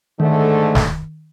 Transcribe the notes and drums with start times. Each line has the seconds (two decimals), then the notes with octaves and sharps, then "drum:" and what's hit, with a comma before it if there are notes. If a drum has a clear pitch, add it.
0.20 G#2 D3 D#3 A3
0.75 drum: snare